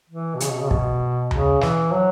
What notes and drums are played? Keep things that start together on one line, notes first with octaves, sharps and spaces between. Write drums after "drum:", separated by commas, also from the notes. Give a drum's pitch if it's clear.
E3
B2
C#3, drum: hi-hat
B2
C#3
B2, drum: kick
C#3, drum: tom D#2
E3, drum: snare
F#3